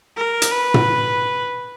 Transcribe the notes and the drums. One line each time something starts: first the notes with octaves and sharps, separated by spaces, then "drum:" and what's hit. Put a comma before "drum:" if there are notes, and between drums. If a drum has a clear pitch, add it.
A#4
drum: hi-hat
B4
drum: tom